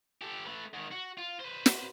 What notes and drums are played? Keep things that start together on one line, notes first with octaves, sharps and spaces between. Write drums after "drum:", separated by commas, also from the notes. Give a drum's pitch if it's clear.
G4 A4
A3 B4
G#2 D#3
F#4
F4
B4 C5
drum: snare